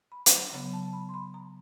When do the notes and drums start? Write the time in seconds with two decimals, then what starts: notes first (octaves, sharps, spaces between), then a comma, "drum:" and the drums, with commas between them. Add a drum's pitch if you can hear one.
0.12 B5
0.26 drum: hi-hat
0.53 C#3 F#3 B3 A#5
0.73 A5
0.93 B5
1.09 C6
1.14 B5
1.34 A#5